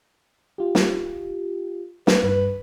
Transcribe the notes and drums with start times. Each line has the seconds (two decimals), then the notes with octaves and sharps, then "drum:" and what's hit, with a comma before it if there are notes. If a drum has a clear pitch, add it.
0.58 F4 G4
0.75 drum: snare
2.07 B4, drum: snare
2.23 G2 B4